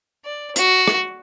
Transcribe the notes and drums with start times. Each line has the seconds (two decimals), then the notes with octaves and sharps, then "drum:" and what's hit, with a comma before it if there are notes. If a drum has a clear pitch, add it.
0.25 D5
0.56 F#4, drum: hi-hat
0.88 drum: rim click